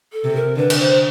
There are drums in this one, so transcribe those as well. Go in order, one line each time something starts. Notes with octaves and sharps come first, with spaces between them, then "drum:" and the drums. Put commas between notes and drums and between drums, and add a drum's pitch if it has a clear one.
A4
C3
A#4
D3 B4
drum: cymbal
C5